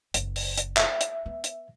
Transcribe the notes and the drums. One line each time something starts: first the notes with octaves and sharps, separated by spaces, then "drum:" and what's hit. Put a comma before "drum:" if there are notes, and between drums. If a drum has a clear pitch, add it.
F#1, drum: hi-hat
drum: open hi-hat
drum: hi-hat
E5, drum: clap
drum: hi-hat
B3
drum: hi-hat